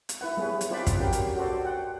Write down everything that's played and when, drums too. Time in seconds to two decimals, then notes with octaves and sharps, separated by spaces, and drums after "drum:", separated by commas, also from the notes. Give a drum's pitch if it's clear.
0.09 drum: hi-hat
0.21 E4 B4 F#5
0.37 G3 B3 G#4 B4 C#5
0.61 drum: hi-hat
0.70 C4 F4 C5 D5 F#5 B5
0.87 drum: kick, hi-hat
1.01 C#4 F#4 G4 A#4 F5 G5
1.12 drum: hi-hat
1.37 F#4 A4 C5 D5
1.64 F#5 G5